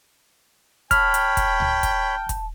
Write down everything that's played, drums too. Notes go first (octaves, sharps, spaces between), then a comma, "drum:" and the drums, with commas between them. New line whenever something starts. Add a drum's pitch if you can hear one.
C#5 G5 A5 B5 F6, drum: kick, hi-hat
drum: hi-hat
drum: kick, hi-hat
drum: tom C#2
drum: kick, hi-hat
drum: kick, hi-hat